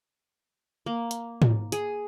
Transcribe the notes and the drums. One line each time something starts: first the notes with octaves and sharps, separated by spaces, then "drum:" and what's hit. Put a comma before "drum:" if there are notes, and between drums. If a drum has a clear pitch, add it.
A#3
drum: hi-hat
drum: tom
G#4, drum: hi-hat